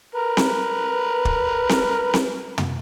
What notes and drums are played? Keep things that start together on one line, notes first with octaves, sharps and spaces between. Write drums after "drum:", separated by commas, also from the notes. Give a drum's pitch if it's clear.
A#4 B4
drum: snare C4
drum: kick
drum: snare C4
drum: snare C4
drum: tom